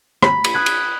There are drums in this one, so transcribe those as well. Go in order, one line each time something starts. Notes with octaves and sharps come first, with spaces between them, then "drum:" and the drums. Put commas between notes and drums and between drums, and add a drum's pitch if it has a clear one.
B5, drum: rim click
drum: cymbal
D#6 F#6 G#6
drum: cymbal